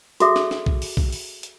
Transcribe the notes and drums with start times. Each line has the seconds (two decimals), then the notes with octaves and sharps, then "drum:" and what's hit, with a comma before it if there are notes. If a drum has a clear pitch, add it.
0.20 F#4 G#4 A4 E5 D6, drum: hi-hat
0.36 drum: snare
0.51 drum: snare
0.66 drum: kick B1
0.82 drum: open hi-hat
0.97 drum: kick B1
1.12 drum: open hi-hat
1.43 drum: hi-hat